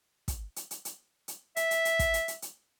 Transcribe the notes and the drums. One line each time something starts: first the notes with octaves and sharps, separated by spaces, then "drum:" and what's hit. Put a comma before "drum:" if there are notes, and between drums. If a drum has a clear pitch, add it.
drum: kick, hi-hat
drum: hi-hat
drum: hi-hat
drum: hi-hat
drum: hi-hat
E5, drum: hi-hat
drum: hi-hat
drum: hi-hat
drum: kick, hi-hat
drum: hi-hat
drum: hi-hat
drum: hi-hat